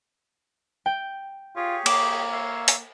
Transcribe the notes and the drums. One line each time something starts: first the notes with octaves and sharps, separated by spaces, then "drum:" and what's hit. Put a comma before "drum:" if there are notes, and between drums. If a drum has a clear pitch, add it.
G5
F4 G4 G#4 C#5
A#3 D6, drum: cymbal
C#5 E5 F5
drum: open hi-hat